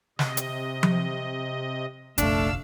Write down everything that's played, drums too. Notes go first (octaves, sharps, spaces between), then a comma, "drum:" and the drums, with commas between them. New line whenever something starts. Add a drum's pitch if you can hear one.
C3 D#5, drum: snare
drum: hi-hat
drum: tom F3
F1 A#1 A3 D4 F5 E6, drum: hi-hat